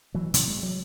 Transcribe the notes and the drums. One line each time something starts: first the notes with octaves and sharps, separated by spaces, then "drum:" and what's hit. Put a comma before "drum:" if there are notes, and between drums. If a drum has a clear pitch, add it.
E3 F#3
C3 E3 F#3, drum: hi-hat
G#3
F#3